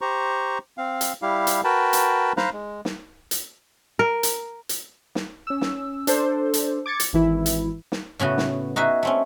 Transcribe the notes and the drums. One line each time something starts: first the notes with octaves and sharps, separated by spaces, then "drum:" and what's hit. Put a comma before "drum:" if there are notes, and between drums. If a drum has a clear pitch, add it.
G4 C5 A#5 C#6
C4 F5
drum: hi-hat
G3 E4 G4 F5
drum: hi-hat
F#4 A#4 B4 G5 A5 B5
drum: hi-hat
C5 F5 A#5 B5 F#6, drum: snare
G#3
drum: snare
drum: hi-hat
A#4
drum: hi-hat
drum: hi-hat
drum: snare
C#4 E6
drum: snare
D4 A4 C5, drum: hi-hat
drum: hi-hat
D6 G#6 A6 C#7
drum: hi-hat
G#1 E3 E4
drum: hi-hat
drum: snare
A2 C#3 B3 F#4
drum: snare
D#4 F#4 G#4 E5
A3 C4 C#4